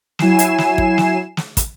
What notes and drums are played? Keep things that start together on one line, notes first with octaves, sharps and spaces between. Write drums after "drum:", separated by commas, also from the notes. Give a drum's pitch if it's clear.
F#3 E4 G#5 C7 E7, drum: snare
drum: hi-hat
drum: snare
drum: kick
drum: snare
drum: snare
drum: kick, hi-hat